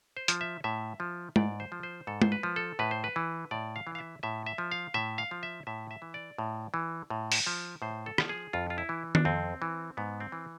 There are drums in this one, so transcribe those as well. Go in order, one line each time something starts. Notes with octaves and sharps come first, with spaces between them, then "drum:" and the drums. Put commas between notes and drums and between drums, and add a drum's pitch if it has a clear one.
C5
F3, drum: hi-hat
E5
A2 E5
F3
G#2 D5, drum: tom G#3
C5
F3
C5
G#2 A4
C5, drum: tom G#3
B4
F3
A4
A2 B4
C5
B4
E3
A2 D5
F5
E3
F5
E5
A2 E5
E5
F3
F5
A2 E5
F5
F3
E5
A2 E5
E5
E3
D5
A2
E3
A2
drum: open hi-hat
F3
A2 C5
A4
F3, drum: rim click
G#4
F2 F4
F4
E4
E3
D4, drum: tom D#3
F2 C4
E3
G#2 B3
C4
E3